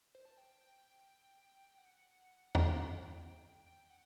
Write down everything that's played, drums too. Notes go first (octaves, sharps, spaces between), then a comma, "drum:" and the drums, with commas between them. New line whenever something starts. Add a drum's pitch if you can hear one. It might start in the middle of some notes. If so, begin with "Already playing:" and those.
C5
A5
G5
G5
F#5
drum: tom
G5
G5
F#5